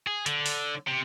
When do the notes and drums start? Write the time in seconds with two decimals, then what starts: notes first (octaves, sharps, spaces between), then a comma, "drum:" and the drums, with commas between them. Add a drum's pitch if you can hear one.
0.07 G#4
0.26 D3, drum: hi-hat
0.46 drum: open hi-hat
0.88 C3